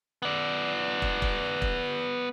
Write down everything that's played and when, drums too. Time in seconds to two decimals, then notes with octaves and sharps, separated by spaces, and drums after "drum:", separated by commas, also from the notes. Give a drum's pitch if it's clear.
0.22 B3 D5
1.02 drum: kick
1.22 drum: kick
1.62 drum: kick